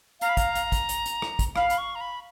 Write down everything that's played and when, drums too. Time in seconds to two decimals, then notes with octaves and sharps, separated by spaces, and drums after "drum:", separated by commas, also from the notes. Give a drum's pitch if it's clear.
0.21 F5 A#5, drum: hi-hat
0.29 B5
0.37 A#5, drum: kick, hi-hat
0.55 drum: hi-hat
0.72 drum: kick, hi-hat
0.89 drum: hi-hat
1.06 drum: hi-hat
1.22 drum: rim click
1.39 drum: kick, hi-hat
1.56 F5 B5, drum: rim click
1.70 B5, drum: hi-hat
1.78 C#6
1.95 A#5
2.01 B5